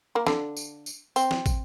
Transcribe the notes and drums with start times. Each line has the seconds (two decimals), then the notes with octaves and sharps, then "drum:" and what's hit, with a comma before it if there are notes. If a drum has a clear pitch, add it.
0.15 A#3 A#4
0.27 D3 D4, drum: snare
0.57 drum: tambourine
0.86 drum: tambourine
1.16 C4, drum: tambourine
1.31 drum: snare
1.46 drum: kick, tambourine